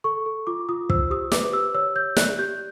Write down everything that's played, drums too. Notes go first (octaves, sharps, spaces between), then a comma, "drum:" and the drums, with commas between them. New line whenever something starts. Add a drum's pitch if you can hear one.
A4 C#6
A4
F4 D6
F4 D#6
C5 E6, drum: kick
G4 D#6
B4 D6, drum: snare
G4 E6
C#5 E6
C#5 G6
D5 F#6, drum: snare
G4 G6